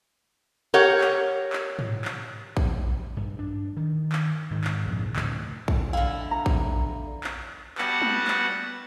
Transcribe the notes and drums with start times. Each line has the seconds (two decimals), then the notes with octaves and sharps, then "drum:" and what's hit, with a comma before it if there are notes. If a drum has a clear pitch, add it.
0.74 G4 A#4 C#5 F#5
1.01 drum: clap
1.53 drum: clap
1.79 drum: tom G#2
2.05 drum: clap
2.57 drum: kick A#1
3.17 G2
3.39 D4
3.77 D#3
4.12 drum: clap
4.51 G#2 D#3
4.64 drum: clap
4.86 A#1 F2 G#2
5.16 D2 A2 C3, drum: clap
5.68 drum: kick A#1
5.93 D3 E4 F5
6.31 A#5
6.46 drum: kick A#1
7.24 drum: clap
7.78 G3 B3 F#4 F#5 A5, drum: clap
8.02 drum: tom G#3
8.28 drum: clap